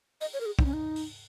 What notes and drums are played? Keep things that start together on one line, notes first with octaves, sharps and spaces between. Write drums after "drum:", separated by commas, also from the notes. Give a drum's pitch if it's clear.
D#5, drum: open hi-hat
C#5
A#4
G#4
D#4, drum: kick
C#4
D#4
drum: open hi-hat